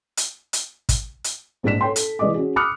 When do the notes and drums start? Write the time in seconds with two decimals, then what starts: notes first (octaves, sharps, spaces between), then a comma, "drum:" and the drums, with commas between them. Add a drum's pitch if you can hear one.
0.17 drum: hi-hat
0.53 drum: hi-hat
0.89 drum: kick, hi-hat
1.24 drum: hi-hat
1.63 A#1 G#2 G#3 D4 B6 E7
1.81 A4 C#5 G5 C6
1.96 A4, drum: hi-hat
2.19 E3 G#3 D5 D#5 D6
2.34 C#4 F#4 G#4
2.56 B5 D6 D#6 F6 F#6 C#7